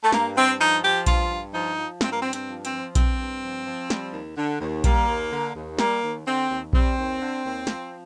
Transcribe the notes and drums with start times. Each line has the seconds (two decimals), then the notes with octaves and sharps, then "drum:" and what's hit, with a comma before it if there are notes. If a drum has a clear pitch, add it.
0.04 A3
0.12 G2 A#3, drum: snare
0.37 G2 C4
0.60 F3 D#4
0.83 F3 G4
1.06 G2 F4, drum: kick A#1, hi-hat
1.30 G2
1.54 F3 D#4
1.77 F3
2.01 G2 C4, drum: snare
2.11 A#3
2.21 C4
2.25 G2
2.33 C4, drum: hi-hat
2.49 F3
2.65 C4, drum: hi-hat
2.71 F3
2.95 G2 C4, drum: kick A#1, hi-hat
3.19 G2
3.43 F3
3.66 F3
3.90 G3, drum: snare
4.13 D#2
4.37 D3
4.60 D#2
4.84 G3 A#3, drum: kick A#1, hi-hat
5.07 D#2
5.31 D3
5.55 D#2
5.78 G3 A#3, drum: snare
6.02 D#2
6.26 D3 C4
6.49 D#2
6.73 G3 C4, drum: kick A#1
6.97 D#2
7.20 D3
7.44 D#2
7.67 F3, drum: snare